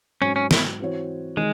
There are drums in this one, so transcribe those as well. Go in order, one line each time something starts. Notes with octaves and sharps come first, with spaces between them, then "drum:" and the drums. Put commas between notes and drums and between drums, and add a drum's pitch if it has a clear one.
G#2 F#3 C4 C#4
C#4
E4, drum: snare
E3 C4 F#4 C#5
D#3 G#3